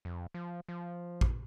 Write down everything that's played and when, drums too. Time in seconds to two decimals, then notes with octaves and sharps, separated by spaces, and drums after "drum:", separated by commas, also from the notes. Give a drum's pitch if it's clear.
0.05 F2
0.34 F3
0.69 F3
1.21 drum: kick A1